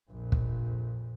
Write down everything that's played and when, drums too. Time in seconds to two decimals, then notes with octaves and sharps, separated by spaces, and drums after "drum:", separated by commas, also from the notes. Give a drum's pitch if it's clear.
0.10 A#1 F2
0.32 drum: kick